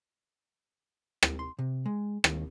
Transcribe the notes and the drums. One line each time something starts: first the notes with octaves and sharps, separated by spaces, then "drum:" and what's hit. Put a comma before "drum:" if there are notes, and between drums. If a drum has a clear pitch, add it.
drum: rim click
C6
C3
G#3
D#2, drum: rim click